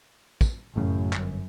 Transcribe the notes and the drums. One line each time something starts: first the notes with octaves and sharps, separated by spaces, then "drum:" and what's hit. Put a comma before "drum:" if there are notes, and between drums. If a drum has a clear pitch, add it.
drum: kick, tambourine
A1 F#2 A2 C#3
G1, drum: clap